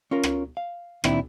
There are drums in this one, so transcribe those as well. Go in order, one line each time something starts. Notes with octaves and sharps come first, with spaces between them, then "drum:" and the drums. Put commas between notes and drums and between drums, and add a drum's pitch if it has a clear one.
C#4 F4 A#4
drum: rim click
F5
A#2 D#3 C4 D4 E4, drum: rim click